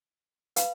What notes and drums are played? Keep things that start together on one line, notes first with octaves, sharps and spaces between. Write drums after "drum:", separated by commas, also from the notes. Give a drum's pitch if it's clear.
B4 F5 B5, drum: hi-hat